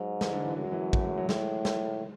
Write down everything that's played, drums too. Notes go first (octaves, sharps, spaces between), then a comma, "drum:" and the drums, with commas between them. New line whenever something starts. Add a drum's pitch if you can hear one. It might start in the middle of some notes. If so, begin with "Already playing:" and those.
Already playing: G#2 F#3
E3, drum: snare
D3
E3
F#2 G#3
F#3
E3
F#3
A3, drum: kick
G#3
F#3
A2 G#3, drum: snare
drum: snare